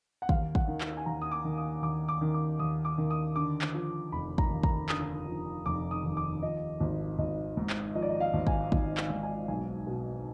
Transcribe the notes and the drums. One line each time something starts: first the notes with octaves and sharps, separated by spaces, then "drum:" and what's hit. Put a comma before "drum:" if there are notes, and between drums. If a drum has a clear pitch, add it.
F#5
D#2 F5, drum: kick
F#5, drum: kick
D#3
drum: clap
G#5
D#2 A#5
D#6
D6
D#3
D#6
D#2 D6
D6
D#3
D6
D#2 D#6
D6
D#3
D#6
D3 D6
drum: clap
F3
F1 B5
A#5, drum: kick
D#2
A#5, drum: kick
D3 D#6, drum: clap
F3
F1 D6
D#6
D#2
D6
F3 D#5
G#1
G#1 D#5
G#2
drum: clap
F3 D#5
D5
D#5
F5
G#1
G#5, drum: kick
G#1, drum: kick
drum: clap
G#2
G#5
B1 G#5
B2